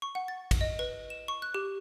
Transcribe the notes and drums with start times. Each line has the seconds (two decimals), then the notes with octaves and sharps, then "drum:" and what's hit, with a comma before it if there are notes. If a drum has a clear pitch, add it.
0.02 C#6
0.15 F#5
0.28 A6
0.51 drum: kick, cymbal
0.61 D#5
0.79 B4
1.10 E7
1.28 C#6
1.42 F#6
1.54 G4